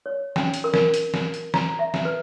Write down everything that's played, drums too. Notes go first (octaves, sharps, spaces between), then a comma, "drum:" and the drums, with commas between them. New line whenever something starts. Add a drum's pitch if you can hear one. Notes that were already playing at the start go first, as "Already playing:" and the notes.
C#5
C#4, drum: snare
drum: hi-hat
A#4
drum: snare
drum: hi-hat
drum: snare
drum: hi-hat
A#5, drum: snare
E5
drum: snare
B4